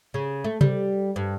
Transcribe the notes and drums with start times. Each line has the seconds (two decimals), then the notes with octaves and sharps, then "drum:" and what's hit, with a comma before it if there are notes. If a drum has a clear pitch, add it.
0.14 C#3
0.44 A3
0.61 G3, drum: tom C3
1.16 G2